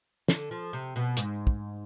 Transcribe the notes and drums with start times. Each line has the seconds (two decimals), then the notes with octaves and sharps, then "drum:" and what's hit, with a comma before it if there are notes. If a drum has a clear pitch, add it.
0.28 D3, drum: snare
0.51 F3
0.73 C3
0.96 B2
1.17 G#2, drum: hi-hat
1.47 drum: kick